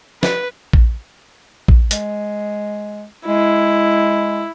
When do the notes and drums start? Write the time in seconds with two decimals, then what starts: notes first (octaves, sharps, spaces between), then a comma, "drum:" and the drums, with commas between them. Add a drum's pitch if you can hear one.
0.23 B4, drum: snare
0.73 drum: kick A#1
1.68 drum: kick A#1
1.91 G#3, drum: hi-hat
3.27 G#3 E4